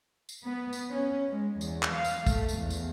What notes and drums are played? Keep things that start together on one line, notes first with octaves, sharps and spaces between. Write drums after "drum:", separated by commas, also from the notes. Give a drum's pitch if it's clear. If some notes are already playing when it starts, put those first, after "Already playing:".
drum: tambourine
B3
drum: tambourine
C#4
G#3
E2, drum: tambourine
drum: clap
F5
drum: tambourine
A3, drum: kick, tambourine
drum: tambourine
E2
drum: tambourine